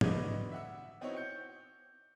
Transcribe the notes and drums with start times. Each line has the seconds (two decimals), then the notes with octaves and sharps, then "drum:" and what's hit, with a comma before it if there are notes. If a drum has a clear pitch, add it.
0.01 B2 D3 B4 D#5 D6 G#6, drum: tom G#2
0.52 E5 F#5 E6
1.01 B3 C4 D#4 E4 F#4 C#5
1.17 G6 C#7